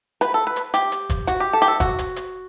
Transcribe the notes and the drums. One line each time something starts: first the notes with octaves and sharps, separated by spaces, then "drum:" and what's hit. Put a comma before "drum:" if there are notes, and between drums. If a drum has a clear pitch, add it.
B4, drum: hi-hat
A4
B4
drum: hi-hat
G4, drum: hi-hat
drum: hi-hat
drum: kick, hi-hat
F#4, drum: hi-hat
G4
A4
G4, drum: hi-hat
A4
F#4, drum: kick, hi-hat
drum: hi-hat
drum: hi-hat